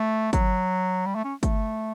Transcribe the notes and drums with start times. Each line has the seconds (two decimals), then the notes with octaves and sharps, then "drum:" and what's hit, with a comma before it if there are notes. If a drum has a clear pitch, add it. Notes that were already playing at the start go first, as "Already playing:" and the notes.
Already playing: A3
0.33 F#3, drum: kick, hi-hat
1.06 G3
1.15 A3
1.25 C#4
1.43 A3, drum: kick, hi-hat